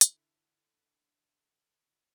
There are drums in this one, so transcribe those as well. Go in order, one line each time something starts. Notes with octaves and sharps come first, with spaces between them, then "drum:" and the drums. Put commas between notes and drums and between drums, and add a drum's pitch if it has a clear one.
D3 E4, drum: hi-hat